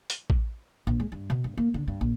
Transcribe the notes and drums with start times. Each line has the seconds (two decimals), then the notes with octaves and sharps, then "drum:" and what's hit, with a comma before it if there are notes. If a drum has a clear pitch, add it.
0.10 drum: hi-hat
0.30 drum: kick A1
0.87 A#1
1.00 G#3
1.12 G2
1.30 B2
1.44 G2
1.57 A#3
1.74 D3
1.88 G2
2.01 A#1